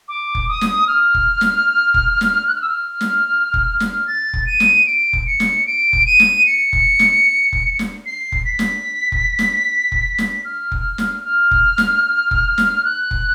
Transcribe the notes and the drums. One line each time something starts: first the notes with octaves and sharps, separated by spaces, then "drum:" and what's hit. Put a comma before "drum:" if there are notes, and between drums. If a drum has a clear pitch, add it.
D6
drum: kick F1
D#6
drum: snare
F6
drum: kick F1
drum: snare
drum: kick F1
drum: snare
F#6
F6
E6
F6
drum: snare
drum: kick F1
drum: snare
A6
drum: kick F1
D#7
drum: snare
D7
drum: kick F1
C#7
drum: snare
D7
drum: kick F1
D#7
drum: snare
C#7
drum: kick F1
drum: snare
drum: kick F1
drum: snare
C7
drum: kick F1
B6
drum: snare
drum: kick F1
drum: snare
drum: kick F1
drum: snare
F6
drum: kick F1
drum: snare
F6
drum: kick F1
drum: snare
drum: kick F1
drum: snare
F#6
drum: kick F1